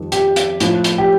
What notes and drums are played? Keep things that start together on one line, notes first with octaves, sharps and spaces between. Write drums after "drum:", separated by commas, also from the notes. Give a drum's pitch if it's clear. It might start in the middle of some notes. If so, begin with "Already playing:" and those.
Already playing: F2 D#3 G3
G4, drum: hi-hat
drum: hi-hat
A2 F3, drum: hi-hat
drum: hi-hat
G4